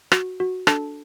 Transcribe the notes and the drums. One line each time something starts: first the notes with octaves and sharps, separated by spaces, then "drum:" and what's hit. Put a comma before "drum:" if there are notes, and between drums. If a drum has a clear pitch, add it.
F#4, drum: rim click
F#4
D4 A4 A5, drum: rim click